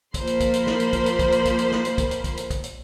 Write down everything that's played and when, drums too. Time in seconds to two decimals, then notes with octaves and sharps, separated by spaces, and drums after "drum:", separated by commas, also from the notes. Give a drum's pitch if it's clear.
0.14 F3 A#3 A#4 C5 B5 C6, drum: kick B1, hi-hat
0.27 drum: hi-hat
0.40 drum: kick B1, hi-hat
0.54 drum: hi-hat
0.67 drum: snare
0.80 drum: hi-hat
0.93 drum: kick B1, hi-hat
1.06 drum: hi-hat
1.19 drum: kick B1, hi-hat
1.32 drum: hi-hat
1.45 drum: kick B1, hi-hat
1.59 drum: hi-hat
1.72 drum: snare
1.85 drum: hi-hat
1.98 drum: kick B1, hi-hat
2.11 drum: hi-hat
2.24 drum: kick B1, hi-hat
2.37 drum: hi-hat
2.50 drum: kick B1, hi-hat
2.64 drum: hi-hat